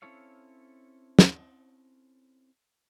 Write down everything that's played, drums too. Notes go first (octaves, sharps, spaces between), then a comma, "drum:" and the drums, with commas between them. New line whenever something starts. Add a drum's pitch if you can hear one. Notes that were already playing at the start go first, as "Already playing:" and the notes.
C4 C#4 E4 A4 C#5 F5
drum: snare